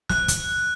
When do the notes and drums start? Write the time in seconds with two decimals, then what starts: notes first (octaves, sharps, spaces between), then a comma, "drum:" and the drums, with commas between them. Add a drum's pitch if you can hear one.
0.09 F#6, drum: snare
0.28 drum: kick, hi-hat